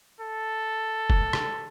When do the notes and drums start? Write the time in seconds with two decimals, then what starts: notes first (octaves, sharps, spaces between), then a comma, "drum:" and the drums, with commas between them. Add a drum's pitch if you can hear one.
0.21 A4
1.10 drum: kick
1.33 drum: rim click